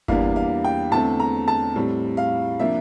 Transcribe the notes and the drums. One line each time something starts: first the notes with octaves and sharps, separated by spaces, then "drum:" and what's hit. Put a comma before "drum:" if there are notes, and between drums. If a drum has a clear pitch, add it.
E2 E3 G3 A#3 D4 F5, drum: kick G1
F5
G5
E2 D3 A3 C4 A5
A#5
A5
A2 G3 C4
F5
C3 F3 A#3 D4 E5